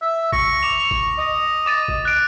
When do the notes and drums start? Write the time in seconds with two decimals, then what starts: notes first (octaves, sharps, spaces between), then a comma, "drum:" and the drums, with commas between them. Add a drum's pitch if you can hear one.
0.02 E5
0.32 C#6 A#6, drum: kick
0.63 D6 F7
0.91 drum: kick
1.18 D#5
1.66 D6 A6 D#7
1.88 drum: kick
2.05 F#6 D7